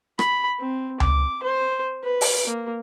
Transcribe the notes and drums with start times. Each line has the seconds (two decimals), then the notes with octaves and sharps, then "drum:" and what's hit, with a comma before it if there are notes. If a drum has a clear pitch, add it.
0.19 B5, drum: rim click
0.59 C4
1.00 D6, drum: tom C#2
1.43 C5
2.03 B4
2.21 drum: open hi-hat
2.47 A#3